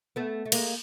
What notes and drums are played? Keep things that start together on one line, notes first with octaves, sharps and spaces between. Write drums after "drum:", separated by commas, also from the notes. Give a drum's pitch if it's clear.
A3 B3
A3
G#3 A#3, drum: cymbal